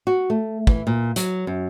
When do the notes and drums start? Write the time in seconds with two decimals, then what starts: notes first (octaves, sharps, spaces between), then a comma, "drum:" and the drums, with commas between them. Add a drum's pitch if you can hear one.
0.07 F#4
0.30 A3
0.67 E3, drum: kick
0.87 A#2
1.16 F#3, drum: hi-hat
1.47 F#2